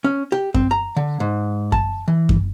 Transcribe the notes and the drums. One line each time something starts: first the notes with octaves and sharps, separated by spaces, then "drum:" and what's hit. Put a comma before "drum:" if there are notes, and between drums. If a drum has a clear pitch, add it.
C#4
G4
C4, drum: kick F#2
A#5
D3
G#2
A5, drum: kick F#2
E3
drum: kick F#2